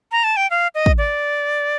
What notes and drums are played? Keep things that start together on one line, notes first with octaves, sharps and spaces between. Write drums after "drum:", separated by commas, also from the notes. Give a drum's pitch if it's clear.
A#5
A5
G5
F5
D#5
drum: kick
D5